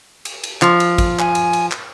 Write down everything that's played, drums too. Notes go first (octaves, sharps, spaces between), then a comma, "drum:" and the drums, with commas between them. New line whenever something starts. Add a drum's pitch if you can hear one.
drum: cymbal
drum: cymbal
F3, drum: clap
drum: cymbal
drum: kick, cymbal
G#5, drum: clap
drum: cymbal
drum: cymbal
drum: clap